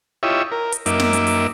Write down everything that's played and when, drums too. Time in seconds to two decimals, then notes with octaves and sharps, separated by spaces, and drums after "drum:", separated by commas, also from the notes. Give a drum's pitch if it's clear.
0.23 E4 F4 G4 C#5 D#5 E5
0.52 A#4
0.72 drum: hi-hat
0.86 F#2 A#3 D#4 E5 D6, drum: hi-hat
0.99 drum: snare
1.13 drum: hi-hat
1.27 drum: open hi-hat